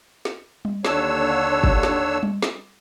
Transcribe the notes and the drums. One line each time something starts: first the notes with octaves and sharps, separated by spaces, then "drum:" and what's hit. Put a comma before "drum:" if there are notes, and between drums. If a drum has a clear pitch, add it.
drum: snare
drum: tom G3
D#2 D3 D4 C#5 E6, drum: snare
drum: kick
drum: snare
drum: tom G3
drum: snare